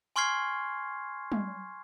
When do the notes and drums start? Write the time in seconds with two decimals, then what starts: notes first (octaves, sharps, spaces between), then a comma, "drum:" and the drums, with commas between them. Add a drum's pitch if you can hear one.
0.16 G#5 C6 C#6 F6 G#6 C7
1.32 drum: tom